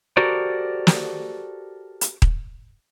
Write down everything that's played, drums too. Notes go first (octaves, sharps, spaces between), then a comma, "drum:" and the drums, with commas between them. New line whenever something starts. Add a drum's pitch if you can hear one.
F#4 G4 A4 A#4 C5 D5
drum: snare
drum: hi-hat
drum: kick D#1